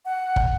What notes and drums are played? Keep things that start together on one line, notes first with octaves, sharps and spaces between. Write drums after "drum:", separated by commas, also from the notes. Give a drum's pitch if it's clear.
F#5
drum: kick